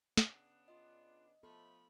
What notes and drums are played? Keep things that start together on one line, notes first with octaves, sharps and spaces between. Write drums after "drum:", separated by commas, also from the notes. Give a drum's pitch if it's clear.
C#3 B3 D4, drum: snare
F4 D#5
F3 A3 B3 A4 B5